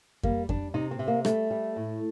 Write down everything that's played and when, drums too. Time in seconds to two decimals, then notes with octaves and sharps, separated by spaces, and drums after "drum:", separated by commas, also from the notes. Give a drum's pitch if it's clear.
0.23 G3 A#3, drum: kick F2
0.49 G3 D4, drum: kick F2
0.74 C3 D#4
0.91 C4
0.99 C3
1.08 A#3
1.25 G3 A3, drum: rim click
1.51 G3
1.76 A2